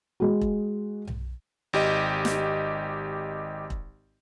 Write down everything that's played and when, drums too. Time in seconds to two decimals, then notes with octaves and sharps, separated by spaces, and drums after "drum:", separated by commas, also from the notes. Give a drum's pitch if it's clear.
0.20 G#3 F#4
0.41 drum: kick E1
1.07 drum: tom B1
1.73 G#1 G4 D#5
2.25 drum: snare
3.70 drum: kick E1